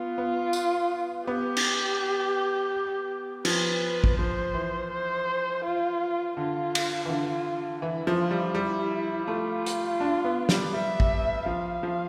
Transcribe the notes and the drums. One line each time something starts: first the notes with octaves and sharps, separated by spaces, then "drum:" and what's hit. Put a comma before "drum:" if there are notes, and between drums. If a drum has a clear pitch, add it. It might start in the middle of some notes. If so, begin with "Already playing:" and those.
Already playing: B3 F4
B3
drum: tambourine
B3 G4
drum: cymbal
F3 B4, drum: cymbal
drum: kick
F3 C5
E3
C5
F4
D3 F4
drum: cymbal
E3
D3 F4
E3 E4
F3
F4
G3
G3 E4
A3 F4
drum: hi-hat
D4
B3
G3, drum: snare
G3 E5
drum: kick
F3 F5
F3